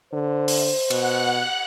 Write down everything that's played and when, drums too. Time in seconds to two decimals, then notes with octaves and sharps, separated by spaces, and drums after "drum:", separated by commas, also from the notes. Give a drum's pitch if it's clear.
0.13 D3 C5
0.48 drum: open hi-hat
0.90 B2 F#5 F#6, drum: cymbal